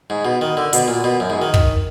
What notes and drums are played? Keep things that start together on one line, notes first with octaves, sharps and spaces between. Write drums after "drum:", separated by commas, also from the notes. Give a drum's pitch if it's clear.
G#2
B2
D#3
D3
B2, drum: hi-hat
A#2
B2
F#2
G#2
D#3
drum: kick